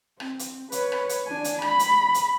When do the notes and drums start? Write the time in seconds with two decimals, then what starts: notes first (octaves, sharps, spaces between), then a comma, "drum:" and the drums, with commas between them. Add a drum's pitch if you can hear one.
0.20 C4, drum: rim click
0.39 drum: hi-hat
0.72 B4 C#5, drum: hi-hat
0.92 drum: rim click
1.09 drum: hi-hat
1.27 D4 G#5
1.44 drum: hi-hat
1.62 B5, drum: rim click
1.79 drum: hi-hat
2.14 drum: hi-hat